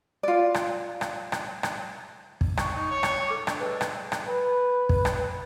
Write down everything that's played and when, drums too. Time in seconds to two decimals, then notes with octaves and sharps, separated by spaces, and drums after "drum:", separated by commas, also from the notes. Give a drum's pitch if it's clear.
0.23 F4 D5
0.54 drum: rim click
1.01 drum: rim click
1.32 drum: rim click
1.63 drum: rim click
2.41 drum: kick
2.57 C#6, drum: rim click
2.75 D#4
2.91 C#5
3.03 drum: rim click
3.28 A4 D6
3.47 D4 E5, drum: rim click
3.60 G#3 A4 B4
3.81 drum: rim click
4.12 drum: rim click
4.27 B4
4.89 drum: kick
5.05 drum: rim click